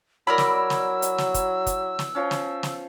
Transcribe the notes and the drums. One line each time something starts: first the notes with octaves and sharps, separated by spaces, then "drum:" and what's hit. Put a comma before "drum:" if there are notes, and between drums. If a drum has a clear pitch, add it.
F#3 E4 A#4 D5 B5 E6
drum: snare
drum: snare
drum: hi-hat
drum: snare
drum: kick, hi-hat
drum: kick, hi-hat
drum: snare
F3 C#4
drum: snare
drum: snare